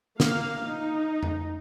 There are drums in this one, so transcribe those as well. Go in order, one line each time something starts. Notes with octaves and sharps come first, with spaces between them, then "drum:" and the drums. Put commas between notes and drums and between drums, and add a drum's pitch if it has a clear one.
A#3 F5, drum: snare
D#4
drum: tom F2